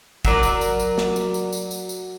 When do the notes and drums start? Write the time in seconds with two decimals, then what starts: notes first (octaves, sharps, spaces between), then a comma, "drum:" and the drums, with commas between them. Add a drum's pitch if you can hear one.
0.25 F#3 A#4 D5, drum: kick, tambourine
0.43 drum: tambourine
0.61 drum: tambourine
0.79 drum: tambourine
0.98 drum: snare
1.16 drum: tambourine
1.34 drum: tambourine
1.53 drum: tambourine
1.71 drum: tambourine
1.89 drum: tambourine